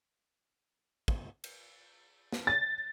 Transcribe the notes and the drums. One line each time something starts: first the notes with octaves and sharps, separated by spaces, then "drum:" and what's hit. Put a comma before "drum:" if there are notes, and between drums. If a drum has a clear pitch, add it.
drum: kick
drum: cymbal
drum: snare
A6